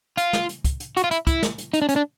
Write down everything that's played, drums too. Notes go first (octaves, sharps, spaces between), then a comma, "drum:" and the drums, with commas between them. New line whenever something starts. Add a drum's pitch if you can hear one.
F4, drum: hi-hat
drum: snare
drum: hi-hat
drum: kick, hi-hat
drum: hi-hat
F#4, drum: hi-hat
F4
E4, drum: hi-hat
E4, drum: kick, hi-hat
drum: snare
drum: hi-hat
D#4, drum: hi-hat
D4
C#4, drum: hi-hat
D4